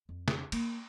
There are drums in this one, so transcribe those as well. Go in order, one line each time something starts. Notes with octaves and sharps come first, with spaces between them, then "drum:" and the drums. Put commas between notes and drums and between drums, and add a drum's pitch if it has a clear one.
F2
drum: snare
A#3, drum: cymbal